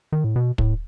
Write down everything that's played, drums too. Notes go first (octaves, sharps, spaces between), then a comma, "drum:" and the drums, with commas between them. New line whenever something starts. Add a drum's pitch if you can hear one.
D#3
A2
B2
A2, drum: kick